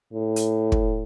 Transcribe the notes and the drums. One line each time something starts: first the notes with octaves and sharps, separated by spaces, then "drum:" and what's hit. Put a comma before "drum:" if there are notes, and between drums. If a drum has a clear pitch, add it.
A2
drum: hi-hat
drum: kick